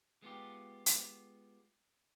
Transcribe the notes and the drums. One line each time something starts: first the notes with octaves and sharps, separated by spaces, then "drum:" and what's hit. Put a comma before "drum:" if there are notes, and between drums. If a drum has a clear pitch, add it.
G#3 B3 F4 G4
drum: hi-hat